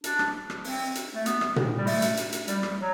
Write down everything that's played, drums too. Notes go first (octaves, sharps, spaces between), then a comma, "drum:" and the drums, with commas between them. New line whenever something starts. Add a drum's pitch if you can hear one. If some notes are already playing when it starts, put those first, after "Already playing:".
D4, drum: hi-hat
drum: rim click
drum: rim click
C4, drum: open hi-hat
drum: hi-hat
A3
B3, drum: hi-hat
drum: rim click
drum: tom A#2
G3
A3, drum: open hi-hat
drum: hi-hat
drum: hi-hat
drum: hi-hat
G3, drum: hi-hat
drum: rim click
F#3